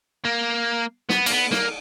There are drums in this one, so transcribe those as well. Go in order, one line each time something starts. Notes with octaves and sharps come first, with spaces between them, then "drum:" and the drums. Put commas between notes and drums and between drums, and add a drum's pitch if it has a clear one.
A#3
B3, drum: snare
A#3, drum: cymbal
B3
A#3, drum: snare